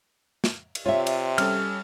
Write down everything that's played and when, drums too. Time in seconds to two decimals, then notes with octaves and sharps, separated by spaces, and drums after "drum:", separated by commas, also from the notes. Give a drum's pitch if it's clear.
0.44 drum: snare
0.75 drum: cymbal
0.86 C3 F4 C#5 D5 E5
1.07 drum: cymbal
1.38 G3 C#4 A4 F6, drum: cymbal